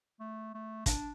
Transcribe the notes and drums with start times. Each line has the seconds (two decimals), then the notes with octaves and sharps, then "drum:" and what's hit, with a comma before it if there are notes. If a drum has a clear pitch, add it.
0.20 A3
0.54 A3
0.86 D4, drum: kick, hi-hat